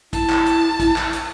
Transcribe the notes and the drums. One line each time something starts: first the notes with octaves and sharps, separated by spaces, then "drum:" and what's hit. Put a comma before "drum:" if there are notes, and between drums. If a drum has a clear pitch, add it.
E4 A5, drum: kick, hi-hat
drum: clap
drum: hi-hat
drum: kick, hi-hat
drum: clap
drum: hi-hat